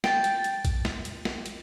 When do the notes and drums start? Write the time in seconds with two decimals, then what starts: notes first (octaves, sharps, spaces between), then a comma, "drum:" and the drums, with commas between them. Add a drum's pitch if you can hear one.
0.04 G5 A5, drum: snare
0.24 drum: hi-hat
0.44 drum: hi-hat
0.65 drum: kick A#1, hi-hat
0.85 drum: snare
1.05 drum: hi-hat
1.25 drum: snare
1.46 drum: hi-hat